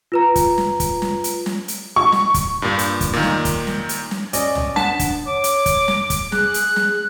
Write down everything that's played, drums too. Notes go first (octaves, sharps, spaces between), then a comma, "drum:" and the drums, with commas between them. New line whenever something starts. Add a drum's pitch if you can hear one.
F4 B4 A#5
drum: kick, hi-hat
drum: snare
drum: kick, hi-hat
drum: snare
drum: hi-hat
drum: snare
drum: hi-hat
C#6
drum: snare
drum: kick, hi-hat
G2 A#2
drum: hi-hat
drum: kick, hi-hat
A#2 D#3
drum: snare
drum: kick, hi-hat
drum: snare
drum: hi-hat
drum: snare
C#4 D5 D#5, drum: hi-hat
drum: tom
B3 D4 A5 B6, drum: snare
drum: kick, hi-hat
C#5 D6
drum: hi-hat
drum: kick, hi-hat
drum: snare
drum: kick, hi-hat
G#4 F#6, drum: snare
drum: hi-hat
drum: snare